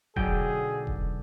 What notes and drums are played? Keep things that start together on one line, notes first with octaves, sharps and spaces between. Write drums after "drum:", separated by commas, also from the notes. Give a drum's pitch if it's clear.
B1 D3 F#3 G#4 G5, drum: kick E1
drum: kick E1